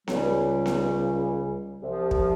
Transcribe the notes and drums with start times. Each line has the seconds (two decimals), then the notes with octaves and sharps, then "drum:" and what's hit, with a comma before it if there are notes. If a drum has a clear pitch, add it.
0.08 C#2 C#3 G3, drum: snare B3
0.66 drum: snare B3
1.82 C2 C3 F3
2.11 drum: kick